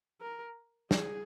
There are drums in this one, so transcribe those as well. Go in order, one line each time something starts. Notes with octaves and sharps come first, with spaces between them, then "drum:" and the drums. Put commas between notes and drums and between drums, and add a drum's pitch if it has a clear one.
A#4
G#4, drum: snare